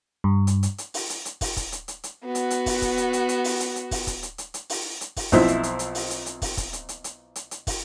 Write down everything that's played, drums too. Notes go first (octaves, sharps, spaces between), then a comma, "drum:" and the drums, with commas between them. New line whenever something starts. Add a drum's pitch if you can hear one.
G2
drum: hi-hat
drum: hi-hat
drum: hi-hat
drum: open hi-hat
drum: hi-hat
drum: hi-hat
drum: kick, open hi-hat
drum: kick, hi-hat
drum: hi-hat
drum: hi-hat
drum: hi-hat
B3 F#4
drum: hi-hat
drum: hi-hat
drum: kick, open hi-hat
drum: kick, hi-hat
drum: hi-hat
drum: hi-hat
drum: hi-hat
drum: open hi-hat
drum: hi-hat
drum: hi-hat
drum: kick, open hi-hat
drum: kick, hi-hat
drum: hi-hat
drum: hi-hat
drum: hi-hat
drum: open hi-hat
drum: hi-hat
drum: kick, open hi-hat
B1 F3 C4 E4 E5, drum: kick, hi-hat
drum: hi-hat
drum: hi-hat
drum: hi-hat
drum: open hi-hat
drum: hi-hat
drum: hi-hat
drum: kick, open hi-hat
drum: kick, hi-hat
drum: hi-hat
drum: hi-hat
drum: hi-hat
drum: hi-hat
drum: hi-hat
drum: kick, open hi-hat